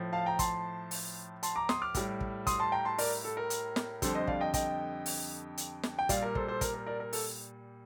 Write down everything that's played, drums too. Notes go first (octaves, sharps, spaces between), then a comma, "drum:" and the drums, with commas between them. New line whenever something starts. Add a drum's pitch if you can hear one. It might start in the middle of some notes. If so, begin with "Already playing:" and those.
Already playing: A2 F3
F5 A5
G5 A#5
A5 C6, drum: kick, hi-hat
drum: open hi-hat
A5 C6, drum: hi-hat
A#5 D6
C6 D#6, drum: snare
D6 F6
A2 G3, drum: kick, hi-hat
drum: kick
C6 D#6, drum: kick, hi-hat
A5 C6
G5 A#5
A5 C6
A#4 D5, drum: open hi-hat
A4
A#4
drum: hi-hat
drum: snare
F2 D3 G3 A4 C5, drum: kick, hi-hat
C5 D#5
D5 F5, drum: kick
D#5 G5
D#5 G5, drum: kick, hi-hat
drum: open hi-hat
drum: hi-hat
drum: snare
G5
A#2 G3 D5 F5, drum: kick, hi-hat
A#4
A4 C5, drum: kick
A4 C5
A#4, drum: kick, hi-hat
A#4
A#4 D5
A#4
A4, drum: open hi-hat